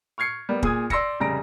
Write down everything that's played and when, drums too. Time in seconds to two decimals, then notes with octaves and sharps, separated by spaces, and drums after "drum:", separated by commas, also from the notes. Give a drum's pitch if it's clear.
0.18 C#6 F6 G#6 C7 C#7
0.49 G3 A#3 B3
0.63 A#2 G#4 D#6 G#6, drum: kick
0.90 D5 C6 E6 A#6 C#7, drum: kick
1.20 F1 C#3 G3 A#5 A#6 D7